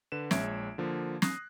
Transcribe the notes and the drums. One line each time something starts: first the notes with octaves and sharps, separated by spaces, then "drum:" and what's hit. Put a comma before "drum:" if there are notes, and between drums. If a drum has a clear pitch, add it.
D3 B4 E7
A#1 G#3 C#5 E5 G#6 D7, drum: snare
D3 F3 A#3
D#6 F#6 A#6 C7, drum: snare